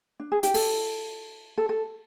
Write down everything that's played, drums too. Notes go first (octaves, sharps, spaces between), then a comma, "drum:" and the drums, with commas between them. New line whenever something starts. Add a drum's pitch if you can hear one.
D4
G#4
G4, drum: hi-hat
A4, drum: open hi-hat
A4
A4